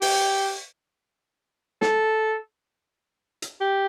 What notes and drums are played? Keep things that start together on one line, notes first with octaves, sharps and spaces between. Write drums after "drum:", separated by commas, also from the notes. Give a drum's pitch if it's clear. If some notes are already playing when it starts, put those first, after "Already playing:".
G4, drum: open hi-hat
A4, drum: snare
drum: hi-hat
G4